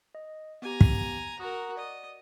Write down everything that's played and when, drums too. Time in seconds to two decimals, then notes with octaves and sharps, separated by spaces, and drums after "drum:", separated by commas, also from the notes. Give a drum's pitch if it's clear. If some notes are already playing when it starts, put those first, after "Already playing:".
0.15 D#5
0.62 B3 G4 G#5 A#5
0.81 drum: kick
1.40 F#4 A#4 A#5 D#6
1.77 D5 D#5